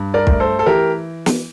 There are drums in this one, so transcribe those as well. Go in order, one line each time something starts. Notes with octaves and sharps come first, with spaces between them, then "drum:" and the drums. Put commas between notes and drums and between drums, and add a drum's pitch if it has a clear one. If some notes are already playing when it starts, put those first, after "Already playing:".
Already playing: G2
A#4 D5
A3, drum: kick
A4 C5
A4
E3 G4 A#4
drum: snare